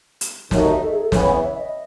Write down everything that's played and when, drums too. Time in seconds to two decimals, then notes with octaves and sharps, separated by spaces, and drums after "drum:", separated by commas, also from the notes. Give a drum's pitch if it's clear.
0.21 drum: hi-hat
0.51 D#2 D#3 A3 D#4 F#4 C#5, drum: snare
0.62 D#5
0.72 E5
0.82 A4
0.92 G#4
1.02 A4
1.12 C#3 E3 B3 C#5, drum: snare
1.42 E5
1.58 D#5